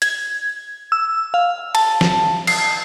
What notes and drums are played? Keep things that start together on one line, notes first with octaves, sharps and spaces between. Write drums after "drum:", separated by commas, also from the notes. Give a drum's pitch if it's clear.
G#6, drum: hi-hat
E6
F5
A5, drum: cymbal
drum: snare
C7, drum: cymbal